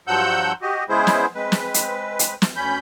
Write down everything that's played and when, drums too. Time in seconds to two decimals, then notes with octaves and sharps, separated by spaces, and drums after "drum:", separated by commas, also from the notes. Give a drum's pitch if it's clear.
0.07 G2 F3 F#3 F#5 E6 G6
0.62 F#4 G4 D#5
0.89 C#3 G#3 B3 E4 G#4 C5
1.07 drum: snare
1.35 G#3 C4 B4
1.52 drum: snare
1.74 drum: hi-hat
2.19 drum: hi-hat
2.42 drum: snare
2.56 D2 C#4 B5 G6